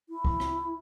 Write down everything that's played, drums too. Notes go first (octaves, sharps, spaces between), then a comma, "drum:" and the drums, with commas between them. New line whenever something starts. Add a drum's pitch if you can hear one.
E4
drum: kick C#2
drum: rim click